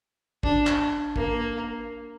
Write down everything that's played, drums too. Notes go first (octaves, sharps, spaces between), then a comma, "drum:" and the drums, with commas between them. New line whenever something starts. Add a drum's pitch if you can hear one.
D4, drum: kick
drum: clap
A#3, drum: kick